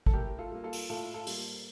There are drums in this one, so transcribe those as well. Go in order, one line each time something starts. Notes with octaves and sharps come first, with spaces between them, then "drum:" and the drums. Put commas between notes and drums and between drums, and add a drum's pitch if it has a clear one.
A4, drum: kick
A2 G4 A#4
F4 A4
G3 A#3
F4 A4
drum: open hi-hat
A2 F4 A4
F4 A4
G3 A#3, drum: open hi-hat